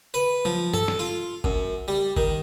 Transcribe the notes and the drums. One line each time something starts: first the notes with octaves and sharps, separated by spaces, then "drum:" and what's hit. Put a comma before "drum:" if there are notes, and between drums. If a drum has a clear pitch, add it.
B4
F3, drum: tom F#3
A4, drum: tom G2
drum: snare
F4
F#2, drum: kick G#1
G3
D#3, drum: kick G#1